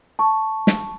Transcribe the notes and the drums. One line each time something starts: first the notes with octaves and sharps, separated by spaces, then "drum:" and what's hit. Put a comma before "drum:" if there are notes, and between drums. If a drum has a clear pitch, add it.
A5 C#6
drum: snare